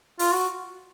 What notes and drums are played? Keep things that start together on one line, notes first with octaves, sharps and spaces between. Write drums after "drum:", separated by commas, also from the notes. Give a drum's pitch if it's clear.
F4, drum: open hi-hat
F#4